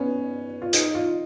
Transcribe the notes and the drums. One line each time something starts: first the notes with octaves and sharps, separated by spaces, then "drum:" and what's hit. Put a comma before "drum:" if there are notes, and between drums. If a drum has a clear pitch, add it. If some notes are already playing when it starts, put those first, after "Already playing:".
Already playing: B3 C#4
F4
D#4, drum: hi-hat
F4